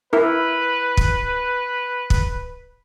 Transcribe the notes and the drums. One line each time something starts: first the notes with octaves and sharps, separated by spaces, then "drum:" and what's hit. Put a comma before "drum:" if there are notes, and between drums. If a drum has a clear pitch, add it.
E4 A#4 B4
drum: kick
drum: kick